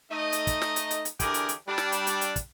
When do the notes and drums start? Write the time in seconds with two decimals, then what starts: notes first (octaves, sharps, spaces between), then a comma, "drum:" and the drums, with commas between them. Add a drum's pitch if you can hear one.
0.11 A3 D#4 D#5
0.33 drum: hi-hat
0.47 drum: kick, hi-hat
0.62 drum: snare
0.76 drum: hi-hat
0.91 drum: hi-hat
1.05 drum: hi-hat
1.20 D3 E3 D4 G4 G#4 A#4, drum: kick, hi-hat
1.34 drum: hi-hat
1.49 drum: hi-hat
1.67 G3 D4
1.78 drum: snare
1.92 drum: hi-hat
2.07 drum: hi-hat
2.21 drum: hi-hat
2.36 drum: kick, hi-hat